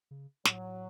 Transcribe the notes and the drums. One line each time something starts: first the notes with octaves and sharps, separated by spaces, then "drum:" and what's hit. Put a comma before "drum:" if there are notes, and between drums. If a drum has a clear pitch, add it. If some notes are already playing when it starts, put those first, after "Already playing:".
C#3
A2 F#3, drum: snare